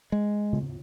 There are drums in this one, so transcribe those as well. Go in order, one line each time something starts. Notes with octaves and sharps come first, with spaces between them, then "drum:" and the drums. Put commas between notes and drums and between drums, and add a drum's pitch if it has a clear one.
G#3
drum: tom C#3